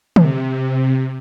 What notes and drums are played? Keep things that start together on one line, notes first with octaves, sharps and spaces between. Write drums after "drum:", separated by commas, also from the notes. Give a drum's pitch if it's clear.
C3, drum: tom